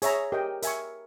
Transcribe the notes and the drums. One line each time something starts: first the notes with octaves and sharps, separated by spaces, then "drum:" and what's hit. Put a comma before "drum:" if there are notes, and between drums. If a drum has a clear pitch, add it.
G#4 C#5 E5 A#5, drum: hi-hat
G4 A#4 D#5 G5
A#4 E5 G#5 C#6, drum: hi-hat